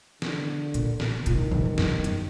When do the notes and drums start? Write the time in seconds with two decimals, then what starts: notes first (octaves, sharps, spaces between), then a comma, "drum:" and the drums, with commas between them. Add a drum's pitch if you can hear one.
0.22 D3, drum: snare
0.74 A#2, drum: hi-hat
1.00 drum: snare
1.26 A#2 D#3, drum: hi-hat
1.38 A2
1.51 G2, drum: tom
1.65 G2
1.78 F#2, drum: snare
1.90 G2
2.04 F#2, drum: hi-hat